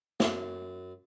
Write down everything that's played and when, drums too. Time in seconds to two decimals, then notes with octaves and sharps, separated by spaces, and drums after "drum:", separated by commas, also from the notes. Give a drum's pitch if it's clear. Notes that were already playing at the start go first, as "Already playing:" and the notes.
0.20 F#2, drum: snare